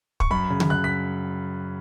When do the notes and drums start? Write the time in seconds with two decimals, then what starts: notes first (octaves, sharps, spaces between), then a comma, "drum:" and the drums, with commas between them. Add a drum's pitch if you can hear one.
0.20 C#6, drum: kick
0.31 F#2 B5
0.50 C#3
0.60 drum: tom D3
0.70 F#2 F#6
0.84 B6